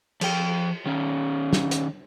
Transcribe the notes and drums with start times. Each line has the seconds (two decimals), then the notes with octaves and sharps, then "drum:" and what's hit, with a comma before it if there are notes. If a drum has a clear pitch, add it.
0.21 F3 G5, drum: cymbal
0.86 D#3 C#4
1.53 drum: snare
1.71 drum: hi-hat